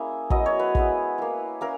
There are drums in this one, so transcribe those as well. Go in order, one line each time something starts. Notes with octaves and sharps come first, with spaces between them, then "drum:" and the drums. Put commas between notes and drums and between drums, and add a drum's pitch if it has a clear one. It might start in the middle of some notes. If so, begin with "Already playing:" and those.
Already playing: A#3 C#4 E4 G#4 E5
F#3 B3 E4 D#5, drum: kick
C#5
B4
G#3 B3 E4, drum: kick
A#3 E4
A#3 C#4 E4 A#4